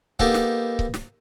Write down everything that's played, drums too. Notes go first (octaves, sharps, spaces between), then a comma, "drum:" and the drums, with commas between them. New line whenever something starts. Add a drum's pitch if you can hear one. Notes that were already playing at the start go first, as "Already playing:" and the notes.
A#3 B3 D#4 G4 A4, drum: kick C#1
drum: snare
drum: kick C#1
drum: snare